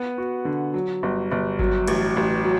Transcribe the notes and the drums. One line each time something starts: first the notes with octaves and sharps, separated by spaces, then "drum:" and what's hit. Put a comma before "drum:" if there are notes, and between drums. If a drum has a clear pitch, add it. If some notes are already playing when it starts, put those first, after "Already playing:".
Already playing: B3
F#4
D3
F#3
G1
G1
F#3, drum: kick G#1
A1, drum: cymbal
A1
F#3